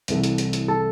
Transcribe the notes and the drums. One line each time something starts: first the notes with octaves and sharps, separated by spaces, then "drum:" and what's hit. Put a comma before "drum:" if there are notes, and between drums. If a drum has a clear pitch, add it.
C2 C3 E3 A3, drum: hi-hat
drum: hi-hat
drum: hi-hat
drum: hi-hat
A4